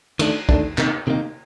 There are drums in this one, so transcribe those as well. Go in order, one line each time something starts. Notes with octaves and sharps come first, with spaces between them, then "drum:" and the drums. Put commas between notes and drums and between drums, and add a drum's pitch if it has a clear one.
D#3 A3 D4, drum: cymbal
D#3 A3 D4, drum: kick
C3 D#3 A#3 D#4, drum: clap
C3 D#3 A#3 D#4